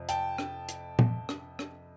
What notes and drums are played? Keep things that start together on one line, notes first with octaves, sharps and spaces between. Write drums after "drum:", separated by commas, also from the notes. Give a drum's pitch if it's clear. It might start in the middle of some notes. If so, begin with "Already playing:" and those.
Already playing: F2 C3
G5 A5, drum: hi-hat
drum: rim click
drum: hi-hat
drum: tom A#2
drum: rim click
drum: rim click